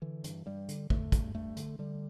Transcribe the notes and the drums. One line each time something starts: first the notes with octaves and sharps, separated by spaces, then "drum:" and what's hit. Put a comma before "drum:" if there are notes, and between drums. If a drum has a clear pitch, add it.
D3 E3
G2, drum: hi-hat
G2 G3
D3, drum: hi-hat
D3 A3, drum: kick
G2, drum: kick, hi-hat
G2 A3
D3, drum: hi-hat
D3 G3